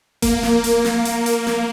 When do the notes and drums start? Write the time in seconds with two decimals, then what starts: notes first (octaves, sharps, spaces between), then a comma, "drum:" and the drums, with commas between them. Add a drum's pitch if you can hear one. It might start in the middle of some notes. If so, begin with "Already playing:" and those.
0.22 A#3, drum: kick F1, hi-hat
0.43 drum: snare
0.64 drum: hi-hat
0.85 drum: snare
1.05 drum: hi-hat
1.26 drum: hi-hat
1.47 drum: snare